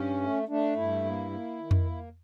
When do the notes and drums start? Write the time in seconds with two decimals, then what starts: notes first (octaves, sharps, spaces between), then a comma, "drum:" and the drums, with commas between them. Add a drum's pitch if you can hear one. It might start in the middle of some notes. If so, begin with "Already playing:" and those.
Already playing: G2 C#4
0.22 A3
0.49 A3 D4
0.76 G2 E4
1.04 A#3
1.31 A#3
1.59 D#3
1.71 drum: tom F2
1.86 A#3